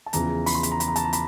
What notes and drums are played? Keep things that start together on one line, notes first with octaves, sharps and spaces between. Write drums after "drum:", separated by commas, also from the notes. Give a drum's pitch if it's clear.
A5
E2 C#3 F3 A#5, drum: hi-hat
B5, drum: open hi-hat
C6
B5, drum: hi-hat
A#5
B5, drum: hi-hat
A#5
A5, drum: hi-hat
A#5
B5, drum: hi-hat